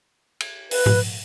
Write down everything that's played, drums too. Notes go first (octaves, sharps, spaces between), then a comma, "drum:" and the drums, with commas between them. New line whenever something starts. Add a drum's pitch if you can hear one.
drum: cymbal
B4, drum: open hi-hat
drum: tom G#2